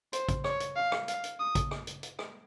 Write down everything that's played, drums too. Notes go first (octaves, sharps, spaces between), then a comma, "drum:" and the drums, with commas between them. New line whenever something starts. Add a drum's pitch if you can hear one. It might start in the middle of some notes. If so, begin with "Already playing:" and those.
C5, drum: hi-hat
drum: kick A1, hi-hat
C#5, drum: rim click
drum: hi-hat
F5
drum: rim click
F5, drum: hi-hat
drum: hi-hat
D#6
drum: kick A1, hi-hat
drum: rim click
drum: hi-hat
drum: hi-hat
drum: rim click